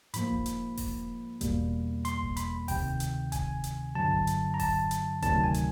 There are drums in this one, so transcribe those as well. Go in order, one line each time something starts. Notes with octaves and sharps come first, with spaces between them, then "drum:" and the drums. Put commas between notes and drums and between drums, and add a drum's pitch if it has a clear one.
G#2 F3 A#3 B5, drum: hi-hat
drum: kick E1
drum: hi-hat
drum: kick E1, open hi-hat
E2 B2 G3 A#3, drum: kick E1, hi-hat
C6, drum: hi-hat
drum: kick E1
B5, drum: hi-hat
D2 C3 D#3 G5, drum: kick E1, open hi-hat
drum: hi-hat
G#5, drum: kick E1, hi-hat
drum: hi-hat
G2 D3 F#3 A5
drum: kick E1
drum: hi-hat
A#5
A5, drum: kick E1, open hi-hat
drum: hi-hat
D2 C3 D#3 F#3 A3 A5, drum: kick E1, hi-hat
G#5
drum: hi-hat